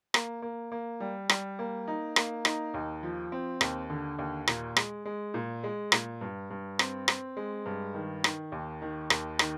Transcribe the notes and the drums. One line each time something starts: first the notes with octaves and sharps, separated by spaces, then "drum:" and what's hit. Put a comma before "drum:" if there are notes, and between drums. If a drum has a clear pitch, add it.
A#3, drum: rim click
A#3
A#3
G3
G3, drum: rim click
A#3
D#4
A#3, drum: rim click
D#4, drum: rim click
D#2
F3
C4
D#2, drum: rim click
D3
D#2
A#2, drum: rim click
G#3, drum: rim click
G#3
A#2
G#3
A#2, drum: rim click
G2
G2
C4, drum: rim click
C4, drum: rim click
G#3
G2
D#3
D#3, drum: rim click
D#2
D#3
D#2, drum: rim click
D#3, drum: rim click